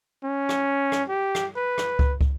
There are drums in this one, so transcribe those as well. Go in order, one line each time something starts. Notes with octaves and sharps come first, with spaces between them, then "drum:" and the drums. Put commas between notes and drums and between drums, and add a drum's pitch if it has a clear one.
C#4
drum: rim click
drum: rim click
G4
drum: rim click
B4
drum: rim click
drum: kick
drum: kick